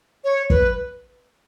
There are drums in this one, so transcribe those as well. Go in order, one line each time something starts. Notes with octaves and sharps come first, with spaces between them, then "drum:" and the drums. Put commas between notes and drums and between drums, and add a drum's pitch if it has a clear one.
C#5
B4, drum: kick